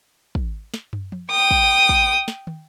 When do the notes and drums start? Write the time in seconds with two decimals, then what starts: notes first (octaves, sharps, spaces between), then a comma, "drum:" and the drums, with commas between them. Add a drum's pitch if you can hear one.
0.35 drum: kick
0.74 drum: snare
0.93 drum: tom
1.12 drum: tom F3
1.31 G5 D#6
1.51 drum: kick
1.89 drum: kick
2.28 drum: snare
2.47 drum: tom